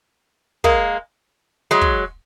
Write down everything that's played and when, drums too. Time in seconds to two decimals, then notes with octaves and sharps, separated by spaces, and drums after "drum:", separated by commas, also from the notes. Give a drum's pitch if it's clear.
0.64 G#3 A#3, drum: kick
1.71 F#3 G#3
1.81 drum: kick